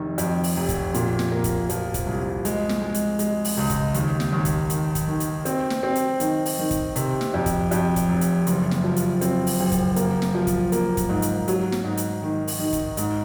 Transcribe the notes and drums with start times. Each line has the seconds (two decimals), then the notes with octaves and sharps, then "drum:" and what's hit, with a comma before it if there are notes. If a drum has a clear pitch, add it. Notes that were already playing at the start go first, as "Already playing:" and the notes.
Already playing: F1 D#3
0.18 F2, drum: hi-hat
0.44 drum: open hi-hat
0.57 F1
0.69 drum: kick, hi-hat
0.94 A#2, drum: hi-hat
1.19 drum: snare
1.32 A#3
1.44 drum: kick, hi-hat
1.69 F3, drum: hi-hat
1.94 drum: kick, hi-hat
2.07 C2
2.45 G#3, drum: hi-hat
2.69 drum: snare
2.81 G#3
2.94 drum: hi-hat
3.19 G#3, drum: hi-hat
3.45 drum: open hi-hat
3.57 C#2
3.70 drum: kick, hi-hat
3.94 D#2, drum: hi-hat
4.20 drum: snare
4.32 D#2
4.45 drum: kick, hi-hat
4.70 D#3, drum: hi-hat
4.95 drum: kick, hi-hat
5.07 D#3
5.20 drum: hi-hat
5.45 C4, drum: hi-hat
5.70 drum: snare
5.83 C4
5.95 drum: hi-hat
6.20 D#3, drum: hi-hat
6.46 drum: open hi-hat
6.59 D#3
6.71 drum: kick, hi-hat
6.96 C3, drum: hi-hat
7.21 drum: snare
7.34 F2
7.46 drum: kick, hi-hat
7.71 F2, drum: hi-hat
7.96 drum: kick, hi-hat
8.08 F1
8.21 drum: hi-hat
8.47 F#1, drum: hi-hat
8.71 drum: snare
8.84 F3
8.96 drum: hi-hat
9.21 C4, drum: hi-hat
9.47 drum: open hi-hat
9.60 F#1
9.72 drum: kick, hi-hat
9.96 A#3, drum: hi-hat
10.22 drum: snare
10.35 F3
10.47 drum: kick, hi-hat
10.72 A#3, drum: hi-hat
10.97 drum: kick, hi-hat
11.09 G#2
11.22 drum: hi-hat
11.48 F#3, drum: hi-hat
11.72 drum: snare
11.84 G#2
11.97 drum: hi-hat
12.22 D#3
12.48 drum: open hi-hat
12.59 D#3
12.73 drum: kick, hi-hat
12.97 G#2, drum: hi-hat